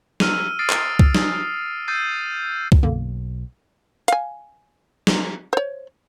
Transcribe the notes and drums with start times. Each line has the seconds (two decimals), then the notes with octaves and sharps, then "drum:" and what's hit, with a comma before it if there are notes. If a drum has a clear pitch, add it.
0.20 E6 F6 D#7, drum: snare
0.59 D#6 F6 A6 C7 D7
0.70 drum: clap
0.99 drum: kick C2
1.15 D#6, drum: snare
1.88 D#6 E6 G6 A6 C7 D#7
2.72 drum: kick C2
2.83 B1 F#2 D3 A#3
4.08 F5 G#5, drum: hi-hat
5.07 drum: snare
5.53 C5 C#5